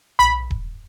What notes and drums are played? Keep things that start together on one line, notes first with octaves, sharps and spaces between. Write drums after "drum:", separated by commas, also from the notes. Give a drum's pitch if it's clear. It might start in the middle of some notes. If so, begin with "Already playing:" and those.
B5, drum: tom B1
drum: kick D#1